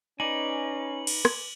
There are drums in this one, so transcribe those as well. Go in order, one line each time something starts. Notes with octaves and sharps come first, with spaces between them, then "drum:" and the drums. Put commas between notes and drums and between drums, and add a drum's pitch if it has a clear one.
C#4 D#4 B4 D5 G#5 F#7
drum: cymbal
drum: rim click